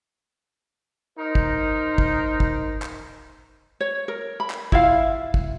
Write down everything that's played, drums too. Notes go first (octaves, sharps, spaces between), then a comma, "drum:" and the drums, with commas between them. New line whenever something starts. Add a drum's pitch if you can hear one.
D#4 A#4 C5
drum: kick
drum: kick
drum: kick
drum: clap
C#5
A#4
B5
drum: clap
E4 F4 E5 F5, drum: kick
drum: kick